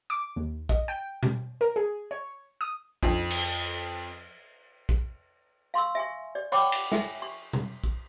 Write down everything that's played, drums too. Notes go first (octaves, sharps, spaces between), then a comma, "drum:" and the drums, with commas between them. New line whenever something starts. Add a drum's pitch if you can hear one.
D6
D#2
D#5, drum: kick
G5
drum: tom B2
A#4
G#4
C#5
D#6
F2, drum: kick
drum: cymbal
drum: kick
F5 C6 C#6 E6
E5 G#5 C#6
D5
C#5 F#5 G5 B5 C#6 D6, drum: open hi-hat
drum: cymbal
E5 G#5, drum: snare
C#6
drum: tom
drum: kick